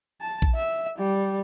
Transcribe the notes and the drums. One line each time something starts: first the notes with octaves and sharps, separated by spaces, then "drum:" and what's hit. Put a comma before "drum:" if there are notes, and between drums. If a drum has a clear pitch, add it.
A5
drum: kick A#1
E5
G3